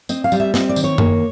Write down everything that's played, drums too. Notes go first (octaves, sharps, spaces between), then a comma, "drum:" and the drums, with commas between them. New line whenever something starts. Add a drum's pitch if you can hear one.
C4 D#5, drum: tambourine
F5
G3, drum: tambourine
E5
C4 D#5, drum: snare
D5
D#3, drum: tambourine
C#5
A#3, drum: tom F#2